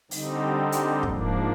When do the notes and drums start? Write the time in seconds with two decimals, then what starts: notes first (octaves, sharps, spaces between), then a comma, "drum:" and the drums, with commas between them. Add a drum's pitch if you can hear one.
0.11 D3 G3 C4 D#4, drum: open hi-hat
0.72 drum: hi-hat
1.03 G#2 F3 A#3 D4, drum: kick